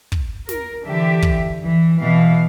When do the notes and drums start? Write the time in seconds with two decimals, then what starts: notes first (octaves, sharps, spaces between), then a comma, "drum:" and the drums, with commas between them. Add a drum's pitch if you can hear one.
0.12 drum: kick
0.49 A#4, drum: snare
0.84 D3 E3 G4 E5
1.22 drum: kick
1.63 E3
2.00 B2 E3 F5